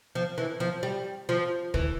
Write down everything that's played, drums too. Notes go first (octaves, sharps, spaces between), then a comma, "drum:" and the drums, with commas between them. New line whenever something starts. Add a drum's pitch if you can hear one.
F3
E3
F3
G3
F3
E3, drum: kick